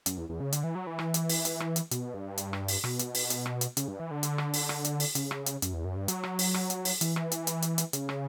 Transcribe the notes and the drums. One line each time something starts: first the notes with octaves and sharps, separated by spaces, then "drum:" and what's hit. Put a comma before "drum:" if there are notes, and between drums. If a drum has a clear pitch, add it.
F#2, drum: hi-hat
E2
E2
C#3
D3, drum: hi-hat
E3
F#3
E3
drum: rim click
drum: hi-hat
drum: open hi-hat
drum: hi-hat
drum: rim click
drum: hi-hat
B2, drum: hi-hat
G2
drum: hi-hat
drum: rim click
drum: open hi-hat
B2, drum: rim click
drum: hi-hat
drum: open hi-hat
drum: hi-hat
drum: rim click
drum: hi-hat
C#3, drum: hi-hat
G2
E3
D3
drum: hi-hat
drum: rim click
drum: open hi-hat
drum: rim click
drum: hi-hat
drum: open hi-hat
C#3, drum: hi-hat
drum: rim click
drum: hi-hat
F#2, drum: hi-hat
E2
F#2
G2
F#3, drum: hi-hat
drum: rim click
drum: open hi-hat
drum: rim click
drum: hi-hat
drum: open hi-hat
E3, drum: hi-hat
drum: rim click
drum: hi-hat
drum: hi-hat
drum: hi-hat
drum: hi-hat
C#3, drum: hi-hat
drum: rim click